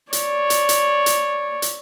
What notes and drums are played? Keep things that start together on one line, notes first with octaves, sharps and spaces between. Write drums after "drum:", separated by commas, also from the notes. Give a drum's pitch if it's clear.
C#5 D5, drum: hi-hat
drum: hi-hat
drum: hi-hat
drum: hi-hat
drum: hi-hat